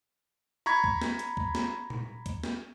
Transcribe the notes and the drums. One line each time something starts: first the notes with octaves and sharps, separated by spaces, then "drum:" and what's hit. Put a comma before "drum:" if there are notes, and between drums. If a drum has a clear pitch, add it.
A#5 B5 C#6 G#6
drum: kick
drum: snare
drum: hi-hat
drum: kick
drum: snare
drum: tom A#2
drum: kick, hi-hat
drum: snare